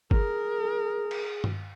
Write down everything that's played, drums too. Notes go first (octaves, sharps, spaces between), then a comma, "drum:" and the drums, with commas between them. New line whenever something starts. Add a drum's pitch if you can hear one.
G#4 A#4, drum: kick
drum: cymbal
drum: tom G2